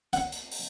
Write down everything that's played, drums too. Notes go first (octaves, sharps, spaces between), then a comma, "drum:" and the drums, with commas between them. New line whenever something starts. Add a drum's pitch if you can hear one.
F#5, drum: hi-hat
drum: hi-hat
drum: open hi-hat